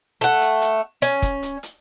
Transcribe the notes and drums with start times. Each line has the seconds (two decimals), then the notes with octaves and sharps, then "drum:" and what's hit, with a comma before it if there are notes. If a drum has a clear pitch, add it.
0.21 A3 F#5, drum: hi-hat
0.41 drum: hi-hat
0.62 drum: hi-hat
1.02 C#4, drum: hi-hat
1.22 drum: kick, hi-hat
1.43 drum: hi-hat
1.63 drum: hi-hat